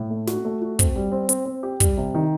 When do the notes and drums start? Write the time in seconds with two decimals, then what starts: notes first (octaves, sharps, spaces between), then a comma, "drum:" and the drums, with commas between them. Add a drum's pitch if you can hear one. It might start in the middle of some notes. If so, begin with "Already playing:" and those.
Already playing: A2
0.10 A3
0.27 F#4, drum: snare
0.45 A3
0.62 F#4
0.79 C4, drum: kick, hi-hat
0.96 G3
1.12 C4
1.29 C4, drum: hi-hat
1.46 C4
1.63 G4
1.80 G3, drum: kick, hi-hat
1.97 C3
2.14 D#3